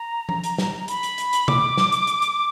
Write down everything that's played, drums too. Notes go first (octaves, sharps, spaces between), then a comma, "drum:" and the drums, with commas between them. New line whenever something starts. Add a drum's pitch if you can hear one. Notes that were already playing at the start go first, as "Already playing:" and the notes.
Already playing: A#5
drum: tom F3
drum: hi-hat
drum: snare
B5, drum: hi-hat
drum: hi-hat
drum: hi-hat
drum: hi-hat
D6, drum: tom C3
drum: snare
drum: hi-hat
drum: hi-hat
drum: hi-hat